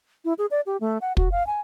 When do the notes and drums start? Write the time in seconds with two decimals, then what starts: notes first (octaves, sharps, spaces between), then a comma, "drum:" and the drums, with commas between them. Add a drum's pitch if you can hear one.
0.25 E4
0.38 G#4
0.51 D5
0.66 G4
0.81 A3
1.01 F#5
1.17 F#4, drum: kick
1.32 F5
1.47 G#5